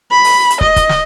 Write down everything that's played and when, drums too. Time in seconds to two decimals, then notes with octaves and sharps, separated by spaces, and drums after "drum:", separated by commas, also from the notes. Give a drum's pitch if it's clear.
0.11 B5
0.24 drum: open hi-hat
0.50 drum: hi-hat
0.61 D#5, drum: kick
0.76 drum: kick, hi-hat
0.89 drum: snare